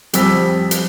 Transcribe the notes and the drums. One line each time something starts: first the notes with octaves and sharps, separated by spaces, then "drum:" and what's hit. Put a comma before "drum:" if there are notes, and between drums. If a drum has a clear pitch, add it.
F2 G3 C4 E6 B6, drum: hi-hat
drum: hi-hat